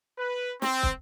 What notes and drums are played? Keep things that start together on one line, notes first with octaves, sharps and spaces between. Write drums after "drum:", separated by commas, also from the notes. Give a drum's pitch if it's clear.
B4
C4, drum: snare
drum: kick